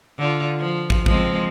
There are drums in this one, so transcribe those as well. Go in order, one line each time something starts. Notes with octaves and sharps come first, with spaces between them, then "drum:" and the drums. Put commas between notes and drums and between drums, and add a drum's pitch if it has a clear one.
D3 F4
F3
drum: kick
F3 G#3 C4, drum: kick